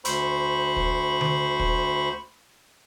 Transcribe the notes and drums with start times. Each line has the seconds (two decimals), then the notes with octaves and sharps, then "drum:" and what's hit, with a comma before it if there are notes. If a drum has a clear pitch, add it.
0.05 D2 C5 B5 C#6, drum: hi-hat
0.76 drum: kick
1.21 drum: tom D3
1.60 drum: kick